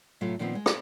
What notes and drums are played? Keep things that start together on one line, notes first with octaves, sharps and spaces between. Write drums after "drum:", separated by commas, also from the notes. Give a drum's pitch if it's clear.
A2 C3 F#3 F4 A4
A#2 D#3 F3 G3 B3 C4
G#3
drum: rim click